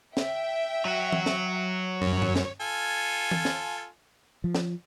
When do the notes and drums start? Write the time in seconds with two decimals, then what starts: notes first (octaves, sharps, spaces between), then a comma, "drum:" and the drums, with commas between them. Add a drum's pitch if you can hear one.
0.17 E5 G5, drum: snare
0.85 F#3 F#4
1.13 drum: tom E3
1.26 drum: snare
2.01 F#2 C#5
2.22 drum: tom G2
2.36 drum: snare
2.60 F4 A4 G#5
3.31 drum: tom E3
3.45 drum: snare
4.44 F3
4.55 drum: snare